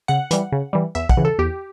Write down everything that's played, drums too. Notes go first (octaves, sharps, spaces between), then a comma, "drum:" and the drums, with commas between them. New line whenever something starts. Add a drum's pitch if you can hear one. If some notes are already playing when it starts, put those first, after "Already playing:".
C#3 F#5
E3 G3, drum: hi-hat
C#3
E3 G3
E2 E5
F#5, drum: kick
C#3 E3
A4
E2 G4